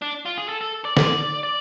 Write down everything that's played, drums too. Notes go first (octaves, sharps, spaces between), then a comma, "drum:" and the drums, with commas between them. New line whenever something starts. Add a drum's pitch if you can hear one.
D4
F4
G#4
A4
A4
D5
D5, drum: snare
D5